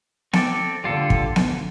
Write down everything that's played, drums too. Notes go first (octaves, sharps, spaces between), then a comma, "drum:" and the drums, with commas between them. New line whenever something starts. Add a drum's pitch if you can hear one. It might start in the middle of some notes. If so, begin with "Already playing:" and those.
C4 A4 D5, drum: snare B3
D3 G3 F4 A4
drum: kick
drum: snare B3